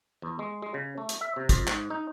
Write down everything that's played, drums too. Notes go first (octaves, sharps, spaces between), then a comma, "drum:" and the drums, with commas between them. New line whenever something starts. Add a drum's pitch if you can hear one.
E2
G#3
G#3
C#3
A3
drum: hi-hat
E5
C3
F2, drum: kick, hi-hat
G#2, drum: clap
D#4